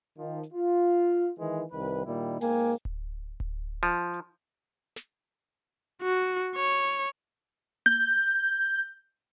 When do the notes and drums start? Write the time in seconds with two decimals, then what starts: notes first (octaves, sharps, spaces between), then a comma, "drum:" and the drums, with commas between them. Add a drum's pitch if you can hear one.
0.19 D#3 F3
0.43 drum: hi-hat
0.53 F4
1.39 D#3 E3 G#3
1.72 C2 D#3 B4
2.06 A#2 D#3 G3 E4
2.41 G#2 A#3 G5 G#5, drum: open hi-hat
2.85 drum: kick D1
3.40 drum: kick D1
3.83 F3
4.13 drum: hi-hat
4.96 drum: snare
6.02 F#4
6.56 C#5
7.86 G6, drum: tom A#3
8.27 drum: hi-hat